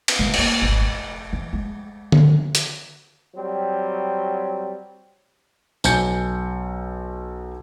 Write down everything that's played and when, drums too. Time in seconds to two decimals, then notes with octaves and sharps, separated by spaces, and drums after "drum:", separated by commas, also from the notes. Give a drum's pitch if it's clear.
0.08 drum: cymbal
0.19 D#3 G#3
0.34 G#3 A#3, drum: cymbal
0.62 D1 G#1
0.81 F1
1.33 E3
1.53 G#3
2.12 drum: tom D3
2.55 drum: hi-hat
3.35 F#3 G3 C4
5.84 B1 G#5 G6 C#7, drum: tambourine